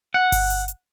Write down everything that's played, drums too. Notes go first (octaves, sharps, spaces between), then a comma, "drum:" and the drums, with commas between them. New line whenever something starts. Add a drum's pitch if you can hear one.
F#5
drum: kick G1, open hi-hat
drum: hi-hat
drum: hi-hat